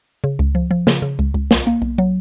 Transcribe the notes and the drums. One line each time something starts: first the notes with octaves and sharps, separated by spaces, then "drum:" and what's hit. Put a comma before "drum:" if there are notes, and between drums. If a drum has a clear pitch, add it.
C#3
C#2
F3
F3
C#3, drum: snare
C#3
C#2
C#2
B1, drum: snare
A#3
B1
F#3